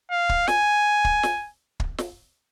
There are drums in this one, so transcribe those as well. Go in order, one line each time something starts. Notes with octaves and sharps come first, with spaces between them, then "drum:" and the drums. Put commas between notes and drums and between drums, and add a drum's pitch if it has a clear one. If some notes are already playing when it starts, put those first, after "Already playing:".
F5
drum: kick
G#5, drum: snare
drum: kick
drum: snare
drum: kick
drum: snare